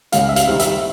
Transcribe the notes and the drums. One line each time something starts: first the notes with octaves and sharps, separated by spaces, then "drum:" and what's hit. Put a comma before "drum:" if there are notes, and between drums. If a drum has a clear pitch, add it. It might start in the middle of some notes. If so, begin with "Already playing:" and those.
C#2 F5, drum: hi-hat
E5
F5, drum: hi-hat
C3 D#3 G3
E5, drum: hi-hat